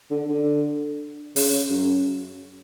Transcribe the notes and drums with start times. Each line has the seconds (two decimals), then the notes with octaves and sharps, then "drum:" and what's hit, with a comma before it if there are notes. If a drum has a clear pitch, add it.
0.11 D3
0.29 D3
1.36 C#3, drum: open hi-hat
1.70 F#2